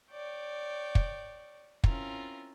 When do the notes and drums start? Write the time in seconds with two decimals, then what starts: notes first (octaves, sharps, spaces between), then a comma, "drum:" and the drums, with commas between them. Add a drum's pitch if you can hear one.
0.12 C#5 D5 G5
0.95 drum: kick
1.84 C4 C#4 E4 F4 A#4, drum: kick